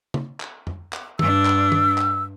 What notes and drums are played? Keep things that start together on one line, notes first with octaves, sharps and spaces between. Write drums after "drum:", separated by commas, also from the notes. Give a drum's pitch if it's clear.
drum: tom
drum: clap
drum: tom F2
drum: clap
G2 D4 E6, drum: tom
drum: clap
drum: tom
drum: clap